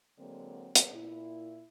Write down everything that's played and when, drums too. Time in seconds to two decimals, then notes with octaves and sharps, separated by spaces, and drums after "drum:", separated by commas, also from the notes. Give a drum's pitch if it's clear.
0.19 D3 F#3 G#3 A#3 C4
0.75 drum: hi-hat
0.94 A#2 E4